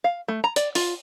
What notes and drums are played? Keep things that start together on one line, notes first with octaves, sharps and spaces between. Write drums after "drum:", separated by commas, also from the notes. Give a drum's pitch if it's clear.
F5
A3
A#5
D5, drum: hi-hat
F4, drum: open hi-hat